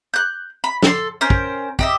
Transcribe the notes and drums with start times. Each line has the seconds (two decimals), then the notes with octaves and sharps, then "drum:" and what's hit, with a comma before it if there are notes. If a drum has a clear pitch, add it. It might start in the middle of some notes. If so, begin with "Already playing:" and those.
0.14 F#6 G6
0.64 B5
0.82 A4 C6, drum: snare
1.21 C#4 A#4 C5 G5
1.30 drum: kick
1.79 G4 D#5 E5, drum: kick